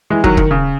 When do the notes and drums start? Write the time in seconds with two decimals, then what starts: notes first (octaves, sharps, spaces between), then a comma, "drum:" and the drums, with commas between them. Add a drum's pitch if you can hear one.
0.10 E3 G#3
0.24 D#3 F#3, drum: kick
0.37 D#3, drum: kick
0.51 C#3